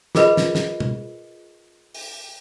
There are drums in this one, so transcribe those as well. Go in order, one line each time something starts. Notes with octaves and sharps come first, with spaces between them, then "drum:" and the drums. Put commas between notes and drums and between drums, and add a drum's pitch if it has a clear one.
F4 G#4 A#4 B4 D#5 B5, drum: snare
drum: snare
drum: snare
drum: tom
drum: open hi-hat